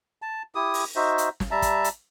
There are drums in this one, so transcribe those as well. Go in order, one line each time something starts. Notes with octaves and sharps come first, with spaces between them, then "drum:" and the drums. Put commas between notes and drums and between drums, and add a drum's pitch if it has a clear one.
A5
E4 G4 D#6
drum: open hi-hat
D#4 F#4 C5 E5
drum: hi-hat
drum: snare
G3 E5 A5 A#5
drum: kick, hi-hat
drum: hi-hat